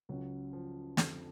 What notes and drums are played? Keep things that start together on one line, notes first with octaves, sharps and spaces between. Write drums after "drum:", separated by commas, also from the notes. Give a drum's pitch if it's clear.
C#2 C#3 F#3
F3
F2 D3, drum: snare